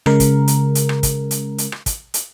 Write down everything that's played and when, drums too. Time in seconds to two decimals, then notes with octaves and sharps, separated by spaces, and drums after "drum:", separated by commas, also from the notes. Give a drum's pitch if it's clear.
0.06 C#3 G#3 A#4, drum: rim click
0.20 drum: kick, hi-hat
0.48 drum: hi-hat
0.75 drum: hi-hat
0.89 drum: rim click
1.03 drum: kick, hi-hat
1.31 drum: hi-hat
1.58 drum: hi-hat
1.72 drum: rim click
1.86 drum: kick, hi-hat
2.14 drum: hi-hat